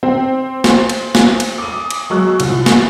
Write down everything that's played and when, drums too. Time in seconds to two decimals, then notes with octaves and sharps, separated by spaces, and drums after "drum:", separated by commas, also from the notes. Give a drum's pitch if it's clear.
0.03 C4
0.64 C5, drum: snare
0.89 drum: cymbal
1.15 drum: snare
1.40 drum: cymbal
1.58 D6 D#6
1.90 drum: cymbal
2.10 F#3 G#3 C#6 E6 F#6
2.40 C2 F3 F4, drum: cymbal
2.66 drum: snare